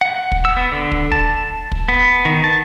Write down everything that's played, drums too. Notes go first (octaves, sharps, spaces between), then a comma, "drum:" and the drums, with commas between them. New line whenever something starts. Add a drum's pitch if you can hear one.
F#5
drum: kick
E6
B3
D3
drum: kick
A5, drum: kick
drum: kick
B3
D#3
A5